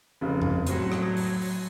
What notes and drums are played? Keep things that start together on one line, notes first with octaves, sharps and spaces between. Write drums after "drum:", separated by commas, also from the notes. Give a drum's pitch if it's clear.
F1 C#3
drum: tom F2
A2 F#3 F#4 C5, drum: hi-hat
drum: rim click
drum: open hi-hat
drum: open hi-hat